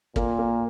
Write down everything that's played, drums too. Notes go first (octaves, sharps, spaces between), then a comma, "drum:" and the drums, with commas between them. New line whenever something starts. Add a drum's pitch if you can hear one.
A#2 A#3, drum: kick
A#3